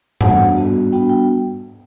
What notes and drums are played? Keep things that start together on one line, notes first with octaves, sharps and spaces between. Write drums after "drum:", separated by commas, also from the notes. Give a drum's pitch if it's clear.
G3 B3 D4 F#4 F#5, drum: tom G2
G3 B3 D4 F#4
G3 B3 D4 F#4 G5
G5